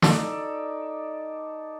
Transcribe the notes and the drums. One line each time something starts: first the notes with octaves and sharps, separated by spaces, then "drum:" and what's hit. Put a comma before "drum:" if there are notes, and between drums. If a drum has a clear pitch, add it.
D#4 A4 D5, drum: snare